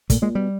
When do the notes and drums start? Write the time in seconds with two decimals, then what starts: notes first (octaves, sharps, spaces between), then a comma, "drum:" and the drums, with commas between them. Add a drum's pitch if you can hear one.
0.10 A#2 A3, drum: kick, hi-hat
0.22 A#2 G#3
0.35 B2 G3